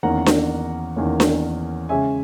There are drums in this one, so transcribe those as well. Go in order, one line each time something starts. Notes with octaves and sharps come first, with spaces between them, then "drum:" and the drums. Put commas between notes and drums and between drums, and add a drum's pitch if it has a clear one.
E2 D#3 A#3 C#4 F#5 A#5
drum: snare D4
E2 D#3 A#3 C#4
drum: snare D4
C#3 G#3 C#4 E5 G#5